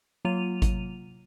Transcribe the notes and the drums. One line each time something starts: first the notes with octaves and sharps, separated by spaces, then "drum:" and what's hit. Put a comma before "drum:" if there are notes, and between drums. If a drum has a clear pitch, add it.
F#3 A#3 F4 D#7 F7
drum: kick G#1, hi-hat